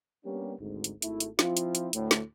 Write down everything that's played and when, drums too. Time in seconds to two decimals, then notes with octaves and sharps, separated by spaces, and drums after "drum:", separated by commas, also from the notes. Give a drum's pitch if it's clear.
0.24 G3 A#3 B3 C#4 D4 G4
0.59 G#1 D2 G#2
0.84 drum: hi-hat
1.02 G#1 A3 E4, drum: hi-hat
1.20 drum: hi-hat
1.39 F3 C4 E4 F4, drum: snare
1.57 drum: hi-hat
1.75 drum: hi-hat
1.93 D2 A2, drum: hi-hat
2.11 drum: snare